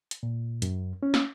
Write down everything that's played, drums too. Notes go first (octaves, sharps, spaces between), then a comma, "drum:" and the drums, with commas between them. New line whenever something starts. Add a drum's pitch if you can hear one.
drum: hi-hat
A#2
F#2, drum: hi-hat
C#4
drum: snare